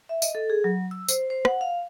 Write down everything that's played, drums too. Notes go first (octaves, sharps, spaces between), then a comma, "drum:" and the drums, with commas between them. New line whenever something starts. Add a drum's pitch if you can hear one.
E5
D#5, drum: tambourine
A4
G#4
F#3
E6
C5, drum: tambourine
C5
F#5, drum: rim click
F5